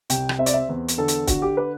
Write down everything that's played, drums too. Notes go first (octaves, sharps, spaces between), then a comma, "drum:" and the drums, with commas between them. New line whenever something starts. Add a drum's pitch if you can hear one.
C2 G5, drum: hi-hat
drum: rim click
C4 E5
D5, drum: hi-hat
E5
E2
drum: hi-hat
D3 A4
drum: hi-hat
D3 F#4, drum: kick, hi-hat
G4
B4